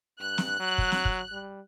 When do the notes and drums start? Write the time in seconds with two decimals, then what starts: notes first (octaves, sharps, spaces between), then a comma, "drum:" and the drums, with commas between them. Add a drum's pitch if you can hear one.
0.20 G2 F#6
0.38 drum: snare
0.60 F#3
0.78 drum: kick
0.92 drum: snare
1.05 drum: kick
1.32 G3